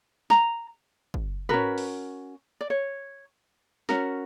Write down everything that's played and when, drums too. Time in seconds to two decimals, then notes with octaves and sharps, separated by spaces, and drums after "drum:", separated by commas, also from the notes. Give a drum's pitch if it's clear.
0.30 A#5, drum: snare
1.14 drum: kick
1.49 C#4 F#4 A#4 B4, drum: tom
1.78 drum: open hi-hat
2.61 D5
2.70 C#5
3.89 C#4 F#4 A#4, drum: snare